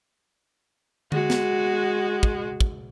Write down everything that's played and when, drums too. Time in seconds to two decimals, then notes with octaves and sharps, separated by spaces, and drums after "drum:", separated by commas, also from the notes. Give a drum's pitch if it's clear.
1.12 G#3 F#4, drum: tom D3
1.30 drum: snare
2.23 drum: kick
2.61 drum: kick